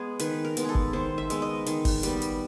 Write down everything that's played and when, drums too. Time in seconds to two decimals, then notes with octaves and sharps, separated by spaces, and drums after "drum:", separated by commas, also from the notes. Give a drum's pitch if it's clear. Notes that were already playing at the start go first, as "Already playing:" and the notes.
Already playing: G#3 B3 G#4
0.19 D#3 B4, drum: hi-hat
0.45 A#4
0.57 G#3 B3, drum: hi-hat
0.64 G#4 A4
0.75 drum: kick G1
0.93 D#3 C5
1.18 E5
1.30 G#3 B3, drum: hi-hat
1.42 D#5
1.66 D#3, drum: hi-hat
1.85 drum: kick G1, open hi-hat
2.03 G3 B3, drum: hi-hat
2.22 drum: hi-hat